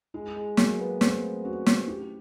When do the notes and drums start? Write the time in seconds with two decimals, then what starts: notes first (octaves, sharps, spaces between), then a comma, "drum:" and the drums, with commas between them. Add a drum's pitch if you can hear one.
0.14 G#3 E4
0.36 G#3
0.57 F#3 A#3, drum: snare
0.80 B3
1.01 A3 C4, drum: snare
1.44 C#4 F#4
1.66 drum: snare
1.88 E4 G4